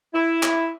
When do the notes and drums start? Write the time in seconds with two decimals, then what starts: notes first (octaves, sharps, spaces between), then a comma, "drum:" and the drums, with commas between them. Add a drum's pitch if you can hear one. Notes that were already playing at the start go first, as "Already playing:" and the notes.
0.14 E4
0.43 drum: clap